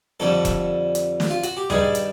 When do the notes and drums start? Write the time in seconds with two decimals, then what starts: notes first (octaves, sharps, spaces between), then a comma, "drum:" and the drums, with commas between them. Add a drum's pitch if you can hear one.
0.20 F2 D3 G3 A4
0.45 drum: kick E1, hi-hat
0.95 drum: hi-hat
1.20 drum: snare
1.30 F4
1.43 F#4, drum: hi-hat
1.57 G4
1.70 G2 D#3 G3 G#4, drum: tom D#2
1.95 drum: hi-hat